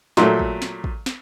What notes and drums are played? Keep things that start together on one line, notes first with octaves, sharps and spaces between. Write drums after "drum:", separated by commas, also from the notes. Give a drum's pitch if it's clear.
A#2 F#3 A3, drum: snare
drum: kick
drum: snare
drum: kick
drum: snare